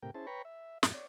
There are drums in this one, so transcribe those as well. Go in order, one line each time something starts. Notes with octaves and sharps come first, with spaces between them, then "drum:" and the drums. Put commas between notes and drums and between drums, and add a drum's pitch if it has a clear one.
A2 C3 G4 A#4 G5
C#4 E4 G#4 C5 A5
B4 C#5 G5 A#5 B5 C#6
E5
F#2 A2 E4, drum: snare
C#5 D5